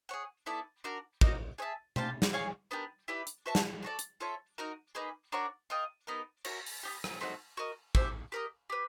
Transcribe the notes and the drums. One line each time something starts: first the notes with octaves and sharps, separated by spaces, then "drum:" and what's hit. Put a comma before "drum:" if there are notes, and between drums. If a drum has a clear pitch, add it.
G#4 C#5 F#5
B3 E4 A4 D5
D4 F#4 A#4
A#3 D#4 F#4, drum: kick
G#4 C#5 E5 A5
G4 C5 F5 A5, drum: tom B2
drum: snare
G#4 C#5 F5 G#5
B3 D4 G4 A#4
E4 G4 B4 D5
drum: hi-hat
F#4 B4 E5 A5
drum: snare
D4 F#4 A4 D5
drum: hi-hat
F4 A4 C#5 E5
D#4 F#4 A#4
A#3 D#4 G#4 B4
D4 F#4 A#4 C#5
F4 A#4 D#5 G5
B3 D#4 G4 A#4
F#4 A#4 C#5 E5, drum: cymbal
drum: open hi-hat
B3 D4 G4
drum: rim click
A3 C4 D#4 F#4
F#4 A#4 D#5
G4 C5 E5, drum: kick
G4 A#4 D#5
G4 B4